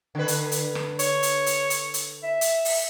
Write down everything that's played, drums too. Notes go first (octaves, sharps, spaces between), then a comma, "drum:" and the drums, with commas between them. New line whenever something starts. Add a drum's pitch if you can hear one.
D3 B4
drum: hi-hat
drum: hi-hat
drum: rim click
C#5, drum: hi-hat
drum: hi-hat
drum: hi-hat
drum: hi-hat
drum: hi-hat
E5
drum: hi-hat
drum: open hi-hat